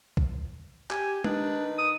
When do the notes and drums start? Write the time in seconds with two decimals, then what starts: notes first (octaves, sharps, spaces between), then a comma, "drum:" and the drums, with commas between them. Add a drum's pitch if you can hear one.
0.17 drum: kick B1
0.91 G4 G#5, drum: clap
1.24 D#3 D4 D#4 B4, drum: tom G#3
1.78 D#6